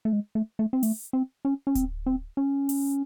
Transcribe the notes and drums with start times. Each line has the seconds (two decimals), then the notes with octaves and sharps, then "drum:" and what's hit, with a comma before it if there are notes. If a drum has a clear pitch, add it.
0.05 A3
0.13 G#3
0.35 A3
0.59 A3
0.73 C4
0.83 A3, drum: open hi-hat
1.13 C4
1.45 C#4
1.67 C#4
1.75 C4, drum: kick D1, hi-hat
2.06 C4
2.37 C#4
2.69 drum: open hi-hat